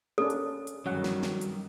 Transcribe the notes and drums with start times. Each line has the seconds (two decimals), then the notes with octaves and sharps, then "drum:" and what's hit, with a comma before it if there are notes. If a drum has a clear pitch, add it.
0.18 A#3 C#4 D4 A4
0.30 drum: hi-hat
0.67 drum: hi-hat
0.86 G2 D#3 F#3 G3 C#4 F#5
1.04 drum: snare
1.23 drum: snare
1.41 drum: hi-hat